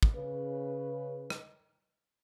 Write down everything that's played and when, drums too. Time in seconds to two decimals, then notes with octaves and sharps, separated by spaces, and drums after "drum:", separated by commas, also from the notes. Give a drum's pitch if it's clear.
0.03 drum: kick
0.16 C#3 B4
1.30 drum: rim click